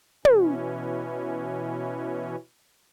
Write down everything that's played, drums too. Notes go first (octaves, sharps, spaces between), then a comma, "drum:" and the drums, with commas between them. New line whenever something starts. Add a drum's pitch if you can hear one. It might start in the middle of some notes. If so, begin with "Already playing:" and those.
B2 E3 C#4, drum: tom